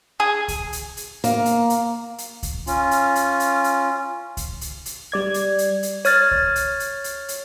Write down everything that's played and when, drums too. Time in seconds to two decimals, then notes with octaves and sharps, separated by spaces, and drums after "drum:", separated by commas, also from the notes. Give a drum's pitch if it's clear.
0.20 G#4
0.48 drum: kick C#2, hi-hat
0.73 drum: hi-hat
0.97 drum: hi-hat
1.24 A#3, drum: hi-hat
1.46 drum: hi-hat
1.70 drum: hi-hat
2.18 drum: hi-hat
2.43 drum: kick C#2, hi-hat
2.67 C#4 F4, drum: hi-hat
2.91 drum: hi-hat
3.16 drum: hi-hat
3.40 drum: hi-hat
3.64 drum: hi-hat
4.37 drum: kick C#2, hi-hat
4.61 drum: hi-hat
4.86 drum: hi-hat
5.12 G3 D5 G#6
5.34 drum: hi-hat
5.58 drum: hi-hat
5.83 drum: hi-hat
6.05 C#5 F6 A6, drum: hi-hat
6.31 drum: kick C#2
6.56 drum: hi-hat
6.80 drum: hi-hat
7.04 drum: hi-hat
7.28 drum: hi-hat